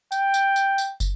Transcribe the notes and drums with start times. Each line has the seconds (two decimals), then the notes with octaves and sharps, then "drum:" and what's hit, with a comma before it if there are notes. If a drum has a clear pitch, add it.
0.12 G5, drum: tambourine
0.34 drum: tambourine
0.56 drum: tambourine
0.78 drum: tambourine
1.00 drum: kick, tambourine